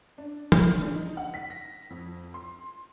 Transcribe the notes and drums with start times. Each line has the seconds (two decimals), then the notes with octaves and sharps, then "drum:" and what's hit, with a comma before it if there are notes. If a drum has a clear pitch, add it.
0.18 D4
0.52 F6, drum: tom
0.81 D4
0.95 D#4
1.17 F#5
1.34 B6
1.50 A#6
1.90 F2
2.34 C6